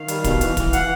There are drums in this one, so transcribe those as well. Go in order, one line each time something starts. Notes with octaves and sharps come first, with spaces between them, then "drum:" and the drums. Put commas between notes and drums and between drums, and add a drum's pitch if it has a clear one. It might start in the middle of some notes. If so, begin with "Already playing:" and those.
Already playing: D#3 F5
G3, drum: hi-hat
B2, drum: kick, hi-hat
E3, drum: hi-hat
E3, drum: kick, hi-hat
F#5, drum: hi-hat